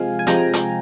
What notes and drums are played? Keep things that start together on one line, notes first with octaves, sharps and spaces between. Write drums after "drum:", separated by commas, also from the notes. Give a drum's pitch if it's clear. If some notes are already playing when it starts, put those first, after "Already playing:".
Already playing: C3 F3 G#3 F5 G#5
G#5
C3 F3 G#3 G5 A#5, drum: hi-hat
drum: hi-hat